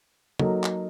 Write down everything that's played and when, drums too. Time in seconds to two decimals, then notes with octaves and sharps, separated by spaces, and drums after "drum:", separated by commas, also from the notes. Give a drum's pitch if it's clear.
0.39 F#3 A#3 D#4 F#4 A4, drum: tom
0.64 drum: clap